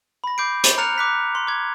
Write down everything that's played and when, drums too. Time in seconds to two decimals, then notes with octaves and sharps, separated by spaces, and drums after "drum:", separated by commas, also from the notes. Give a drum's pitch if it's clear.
0.24 B5 A#6
0.38 D6 G6 C7 D7
0.64 drum: hi-hat
0.78 A#5 F6 F#6 A6 C#7 F7
0.98 D6 F#6 B6
1.35 C6
1.47 D6 G#6